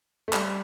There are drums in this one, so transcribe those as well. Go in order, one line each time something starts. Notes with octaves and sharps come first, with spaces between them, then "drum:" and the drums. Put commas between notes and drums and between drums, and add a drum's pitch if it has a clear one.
A3
G3, drum: clap